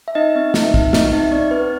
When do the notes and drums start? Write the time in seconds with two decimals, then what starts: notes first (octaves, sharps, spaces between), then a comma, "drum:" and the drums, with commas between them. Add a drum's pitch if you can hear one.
0.08 E5
0.15 D#4 D#5
0.36 C4
0.54 D#4 E5, drum: snare
0.74 D#4, drum: kick
0.93 C4 D#5, drum: snare
1.12 D#4 E5
1.32 C4 D5
1.51 C4 B4